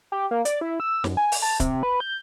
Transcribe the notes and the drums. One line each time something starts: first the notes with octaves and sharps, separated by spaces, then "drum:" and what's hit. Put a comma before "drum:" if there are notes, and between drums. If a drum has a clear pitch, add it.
G4
A#3
D5, drum: hi-hat
E4
E6
F#2, drum: snare
G#5
drum: open hi-hat
A5
C3, drum: kick, hi-hat
B4
G6